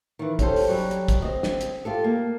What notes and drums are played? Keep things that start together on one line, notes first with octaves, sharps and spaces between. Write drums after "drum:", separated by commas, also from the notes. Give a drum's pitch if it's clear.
D#3 E3
C#4 G4 A4 C5, drum: kick, hi-hat
drum: open hi-hat
F#3 G3
drum: hi-hat
drum: kick, hi-hat
C4 D#5
drum: snare
drum: hi-hat
F4 G4 A4
A#3